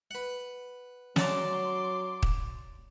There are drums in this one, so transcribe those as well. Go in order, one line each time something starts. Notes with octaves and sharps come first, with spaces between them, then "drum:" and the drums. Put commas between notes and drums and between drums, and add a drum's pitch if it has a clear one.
B4 F#5
F#3 C#4 D5 A5 A#5 C6 D6, drum: snare
drum: kick